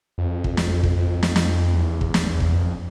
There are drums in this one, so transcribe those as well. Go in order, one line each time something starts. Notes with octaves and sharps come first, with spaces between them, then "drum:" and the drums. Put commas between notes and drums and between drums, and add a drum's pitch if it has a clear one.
F2
drum: kick
drum: snare
drum: kick
F2
drum: snare
drum: snare
E2
drum: kick
drum: snare
drum: kick
F2